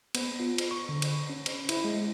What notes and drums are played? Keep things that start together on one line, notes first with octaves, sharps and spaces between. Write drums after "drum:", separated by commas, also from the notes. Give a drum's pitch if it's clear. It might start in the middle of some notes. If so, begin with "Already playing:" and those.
B3, drum: cymbal
F4
drum: cymbal
C#6
D3
drum: cymbal
C#4
drum: cymbal
E4, drum: cymbal
G#3